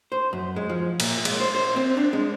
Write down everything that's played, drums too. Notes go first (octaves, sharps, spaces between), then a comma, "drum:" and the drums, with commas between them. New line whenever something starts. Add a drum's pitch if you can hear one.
C5
F#2
G#3
F3
A#2, drum: cymbal
G#3, drum: cymbal
C5
C5
C4
D4
G#3